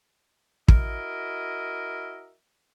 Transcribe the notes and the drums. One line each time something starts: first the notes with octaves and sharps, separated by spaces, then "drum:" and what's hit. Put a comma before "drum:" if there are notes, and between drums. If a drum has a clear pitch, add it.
E4 F#4 A#4 D#5 E5, drum: kick